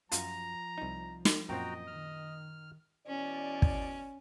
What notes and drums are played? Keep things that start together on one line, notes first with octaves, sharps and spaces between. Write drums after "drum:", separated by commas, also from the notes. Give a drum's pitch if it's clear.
F#2 F3 F4 A#5, drum: hi-hat
C2 D#4
drum: snare
F#2 A#2 C4 F#4 D#5 G5 A#5
D#3 F6
B2 E3 C#4 D5
drum: kick